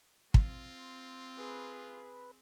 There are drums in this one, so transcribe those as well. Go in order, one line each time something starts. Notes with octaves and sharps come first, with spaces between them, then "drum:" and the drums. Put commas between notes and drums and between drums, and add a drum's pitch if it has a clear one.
C4 F4, drum: kick
G#4 B4